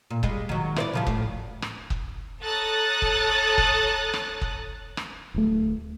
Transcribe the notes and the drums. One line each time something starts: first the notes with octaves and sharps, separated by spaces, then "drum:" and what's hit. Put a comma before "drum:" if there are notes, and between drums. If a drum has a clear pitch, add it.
A#2
G3 G#3, drum: kick
D#3 F#3
E4 C5 D5, drum: rim click
C#3 F3 G3
A2, drum: kick
drum: rim click
drum: kick
A4 C#5 A#5 D#6 F#6 A6
drum: kick
drum: kick
drum: rim click
drum: kick
drum: rim click
D1 A3